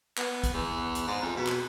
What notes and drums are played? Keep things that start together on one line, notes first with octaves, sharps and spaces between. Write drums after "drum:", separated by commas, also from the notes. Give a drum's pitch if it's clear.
B3, drum: clap
drum: kick, hi-hat
E2
drum: hi-hat
G#2
F2
B2
drum: clap